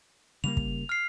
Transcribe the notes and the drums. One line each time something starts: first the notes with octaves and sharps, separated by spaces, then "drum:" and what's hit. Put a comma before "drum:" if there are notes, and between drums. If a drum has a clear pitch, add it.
C#3 G3 A#3 F7
drum: kick
F6 C7